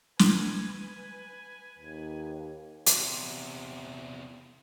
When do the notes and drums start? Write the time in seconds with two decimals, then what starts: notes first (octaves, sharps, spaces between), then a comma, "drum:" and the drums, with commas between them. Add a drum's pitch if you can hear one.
0.19 B4 G#5, drum: snare
1.78 D#2
2.87 E2 C3, drum: hi-hat